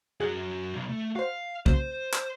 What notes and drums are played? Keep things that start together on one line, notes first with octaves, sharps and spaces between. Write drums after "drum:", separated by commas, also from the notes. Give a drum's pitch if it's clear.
F#2 F#4 G#4 F#5
B1
A3
F#4 C5 F5
C#3 F#3 A#3 C5, drum: kick
drum: clap